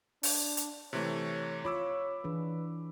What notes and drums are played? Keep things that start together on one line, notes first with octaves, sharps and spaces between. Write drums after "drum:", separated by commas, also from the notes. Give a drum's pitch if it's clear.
D4, drum: open hi-hat
drum: hi-hat
C3 E3 A3 C#5
F4 C#5 B5 D6 E6
E3 D4 G#4 B4